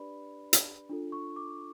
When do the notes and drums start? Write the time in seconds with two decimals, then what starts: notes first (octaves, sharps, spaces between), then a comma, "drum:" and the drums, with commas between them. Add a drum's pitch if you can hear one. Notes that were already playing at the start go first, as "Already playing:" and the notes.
Already playing: D4 G4 B4 D5 B5
0.53 drum: hi-hat
0.89 D4 F4 A4
1.12 C#6
1.36 D6